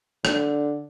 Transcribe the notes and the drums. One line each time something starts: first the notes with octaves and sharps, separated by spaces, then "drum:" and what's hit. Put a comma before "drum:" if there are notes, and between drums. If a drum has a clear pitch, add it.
D3, drum: rim click